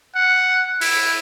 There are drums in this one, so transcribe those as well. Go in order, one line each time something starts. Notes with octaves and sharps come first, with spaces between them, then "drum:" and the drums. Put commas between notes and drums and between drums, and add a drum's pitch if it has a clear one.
F#5
E4, drum: open hi-hat